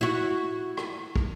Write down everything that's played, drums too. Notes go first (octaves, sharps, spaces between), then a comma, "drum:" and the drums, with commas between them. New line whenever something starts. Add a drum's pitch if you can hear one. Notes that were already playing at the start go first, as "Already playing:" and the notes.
E4 F#4
drum: rim click
drum: kick